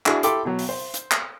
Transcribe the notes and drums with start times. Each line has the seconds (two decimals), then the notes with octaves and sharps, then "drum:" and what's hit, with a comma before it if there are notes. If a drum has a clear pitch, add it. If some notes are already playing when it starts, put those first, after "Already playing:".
0.06 D4 E4 F#4 G#4, drum: clap
0.23 E4 G4 A4 B5 C6 D6, drum: hi-hat
0.45 B2 F#3
0.59 drum: open hi-hat
0.69 C5
0.94 drum: hi-hat
1.11 drum: clap